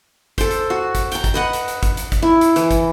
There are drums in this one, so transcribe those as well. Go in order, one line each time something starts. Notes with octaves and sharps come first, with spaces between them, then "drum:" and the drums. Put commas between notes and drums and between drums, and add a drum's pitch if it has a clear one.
A4 C5, drum: kick, hi-hat
drum: hi-hat
F#4
drum: kick, hi-hat
G5 A#5, drum: hi-hat
drum: kick, hi-hat
B4 D#5 F#5
drum: hi-hat
drum: hi-hat
drum: kick, hi-hat
drum: hi-hat
drum: kick, hi-hat
E4
drum: hi-hat
E3, drum: hi-hat
drum: kick, hi-hat